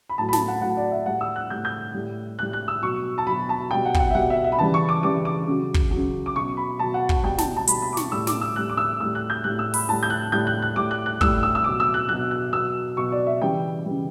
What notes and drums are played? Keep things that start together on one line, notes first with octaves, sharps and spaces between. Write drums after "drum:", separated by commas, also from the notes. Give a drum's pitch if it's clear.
B5
A2 F#3 A5
B5
A5, drum: snare
F#5
A2 F#3 F#5
D5
E5
A2 G3 F#5
E6
F#6
A2 G3 G6
G6
A2 G3
A2 G3 F#6
F#6
E6
B2 F#3 C#6
A5
B2 F#3 B5
A5
B2 G3 G5
F#5
G5, drum: kick
F#5
E5
B2 G3 F#5
E5
E5
B5
C#3 E3 G3 A5
C#6
D6
C#3 E3 G3 D6
D6
C#3 F#3
drum: kick
C#3 F#3
D6
B2 F#3 C#6
B5
B2 F#3 A5
F#5
F#5, drum: kick
B2 G3 G5
A5, drum: snare
A5
B2 G3 B5, drum: hi-hat
B5
D6
C#6, drum: snare
A2 G3 E6
D6, drum: snare
E6
A2 G3 F#6
D6
E6
A2 G3 E6
F#6
G6
A2 G3 F#6
E6
B5, drum: open hi-hat
A2 G3 A5
G6
F#6
A2 G3 G6
F#6
F#6
A2 G3 D6
F#6
F#6
A2 G3 E6, drum: kick
E6
E6
B2 F#3 D6
E6
F#6
B2 F#3 F#6
F#6
B2 F#3 E6
B2 F#3 C#6
D5
E5
C#3 E3 G3 G5
C#3 E3 G3